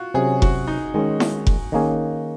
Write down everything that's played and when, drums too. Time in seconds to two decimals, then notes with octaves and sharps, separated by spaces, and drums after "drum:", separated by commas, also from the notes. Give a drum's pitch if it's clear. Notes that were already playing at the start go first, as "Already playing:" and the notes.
Already playing: F4 F#4
0.14 C3 F#3 C#4 G#4
0.42 F#4, drum: kick F1
0.67 D#4
0.94 D#3 G#3 C#4
1.20 drum: snare E4
1.47 drum: kick F1
1.72 D#3 A#3 C#4 G#4